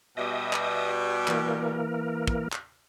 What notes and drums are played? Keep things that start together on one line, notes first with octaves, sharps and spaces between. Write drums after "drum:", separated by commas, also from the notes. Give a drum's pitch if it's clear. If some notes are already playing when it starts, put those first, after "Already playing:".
B2 G3 D#5 E5 D#6
drum: clap
E3 A#3 A#4, drum: clap
drum: kick
drum: clap